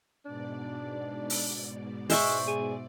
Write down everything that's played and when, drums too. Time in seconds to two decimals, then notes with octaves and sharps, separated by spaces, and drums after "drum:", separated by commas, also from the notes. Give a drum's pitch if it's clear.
0.25 G#2 B2 D4 D5
1.30 drum: open hi-hat
2.10 G#3 C5 E5 C#6, drum: open hi-hat
2.48 G#4